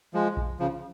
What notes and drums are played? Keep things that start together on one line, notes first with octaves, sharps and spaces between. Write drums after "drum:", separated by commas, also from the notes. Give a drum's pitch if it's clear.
F3 G#3
drum: kick A#1
C#3 F3